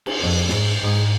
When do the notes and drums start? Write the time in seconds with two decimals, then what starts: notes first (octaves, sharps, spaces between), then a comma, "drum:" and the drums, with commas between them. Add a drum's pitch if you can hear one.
0.06 drum: cymbal
0.20 F2
0.49 G#2, drum: snare
0.79 G#2